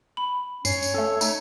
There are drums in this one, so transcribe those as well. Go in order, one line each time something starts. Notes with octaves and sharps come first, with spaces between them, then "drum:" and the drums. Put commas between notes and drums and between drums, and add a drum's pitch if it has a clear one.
B5
G2 C#4 C#5 C7, drum: tambourine
drum: tambourine
A3 C#4 A4
A3 D#4 A#5, drum: tambourine